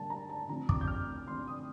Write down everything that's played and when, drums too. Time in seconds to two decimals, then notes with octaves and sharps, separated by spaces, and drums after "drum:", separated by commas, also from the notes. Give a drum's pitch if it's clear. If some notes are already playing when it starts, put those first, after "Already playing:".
Already playing: D3 G3 A#3 A5
0.10 A#5
0.29 A5
0.48 D3 F3 A3 C4 A#5
0.69 D6, drum: kick
0.81 G6
0.87 F6
1.27 D3 F3 A3 C4 C6
1.47 D#6